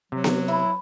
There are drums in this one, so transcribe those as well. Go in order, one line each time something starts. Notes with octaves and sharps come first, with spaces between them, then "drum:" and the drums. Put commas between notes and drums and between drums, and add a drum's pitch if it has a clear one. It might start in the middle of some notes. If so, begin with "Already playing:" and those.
C3 F#3
drum: snare B3
E4